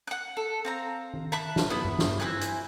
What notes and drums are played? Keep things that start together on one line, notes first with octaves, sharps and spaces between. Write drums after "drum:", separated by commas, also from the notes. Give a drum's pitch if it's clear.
F#5 F#6
A4
C4 F5 A#5
drum: tom D#3
E5 A5 B5 F#6
drum: snare
B3 E4
drum: tom G2
drum: snare
C4 E4 G#5 F#6
drum: hi-hat